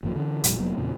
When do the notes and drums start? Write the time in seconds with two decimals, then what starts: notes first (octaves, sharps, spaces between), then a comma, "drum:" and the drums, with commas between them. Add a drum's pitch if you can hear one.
0.03 G#1 F#2 F3 A#3
0.16 D3 E3 C#4
0.44 F1 A#2 F3 G3, drum: hi-hat
0.59 F1 F#3 A#3 B3
0.77 E2 A#2 C#3 C4